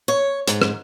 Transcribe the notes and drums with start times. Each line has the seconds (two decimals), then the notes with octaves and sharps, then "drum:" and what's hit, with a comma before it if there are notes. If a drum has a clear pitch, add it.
0.08 C#5
0.48 G#2, drum: hi-hat
0.62 drum: rim click